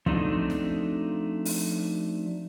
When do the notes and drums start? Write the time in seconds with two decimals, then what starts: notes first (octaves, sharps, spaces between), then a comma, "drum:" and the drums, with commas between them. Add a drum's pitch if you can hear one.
0.06 F3 A3 C4 D4 D#4 F#4, drum: kick
0.50 drum: snare
1.45 drum: open hi-hat